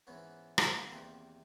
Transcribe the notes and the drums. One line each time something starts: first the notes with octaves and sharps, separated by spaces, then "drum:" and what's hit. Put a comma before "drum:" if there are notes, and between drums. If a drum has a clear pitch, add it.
G#2 E3 B3 C#4
drum: rim click
A#3
B3
E2 C3 D#3 A#3 C4